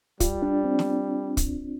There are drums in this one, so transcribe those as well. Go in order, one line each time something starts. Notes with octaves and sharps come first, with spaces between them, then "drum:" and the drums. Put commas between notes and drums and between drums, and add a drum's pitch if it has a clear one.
G3 F4, drum: kick, hi-hat
D4
C4
drum: snare
drum: kick, hi-hat